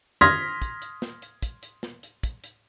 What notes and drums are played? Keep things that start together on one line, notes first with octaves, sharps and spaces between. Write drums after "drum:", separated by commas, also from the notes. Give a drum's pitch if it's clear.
C6 D#6 F6 G#6 A#6 B6, drum: snare
drum: kick, hi-hat
drum: hi-hat
drum: snare
drum: hi-hat
drum: kick, hi-hat
drum: hi-hat
drum: snare
drum: hi-hat
drum: kick, hi-hat
drum: hi-hat